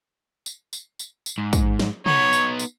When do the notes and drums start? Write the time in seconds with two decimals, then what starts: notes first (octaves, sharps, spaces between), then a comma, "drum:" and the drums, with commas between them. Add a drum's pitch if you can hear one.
0.46 drum: tambourine
0.73 drum: tambourine
0.99 drum: tambourine
1.26 drum: tambourine
1.38 G#2
1.53 drum: kick, tambourine
1.79 drum: snare
2.06 B3 D#4 C#5, drum: tom C3
2.33 drum: tambourine
2.59 drum: tambourine